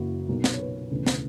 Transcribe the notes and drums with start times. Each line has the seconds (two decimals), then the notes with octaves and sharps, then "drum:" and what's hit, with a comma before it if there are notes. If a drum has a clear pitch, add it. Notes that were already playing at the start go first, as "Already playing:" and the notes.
Already playing: F#1 F#2 E3 A#3 E4 F#4
0.28 B1 A#2 F#3 A#3
0.44 drum: snare
0.54 C#5
0.59 B4
0.91 E1 D2 C#3 E3
1.07 drum: snare